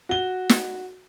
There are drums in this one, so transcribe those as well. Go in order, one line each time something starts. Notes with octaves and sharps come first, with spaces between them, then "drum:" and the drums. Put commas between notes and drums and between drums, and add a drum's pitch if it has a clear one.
F#4 G7
drum: snare